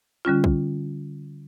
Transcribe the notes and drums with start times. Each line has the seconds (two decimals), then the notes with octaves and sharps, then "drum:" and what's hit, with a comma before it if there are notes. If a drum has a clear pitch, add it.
0.25 D3 G3 C#4 F4
0.44 drum: kick